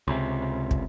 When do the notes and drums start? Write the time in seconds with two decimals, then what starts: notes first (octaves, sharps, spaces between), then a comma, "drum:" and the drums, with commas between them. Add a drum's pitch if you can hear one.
0.08 C#2 C3
0.71 drum: kick